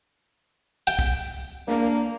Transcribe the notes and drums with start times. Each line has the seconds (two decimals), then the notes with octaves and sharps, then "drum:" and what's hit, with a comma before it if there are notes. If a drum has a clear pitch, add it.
0.87 G5
0.99 drum: kick B1
1.68 A#3 D4, drum: snare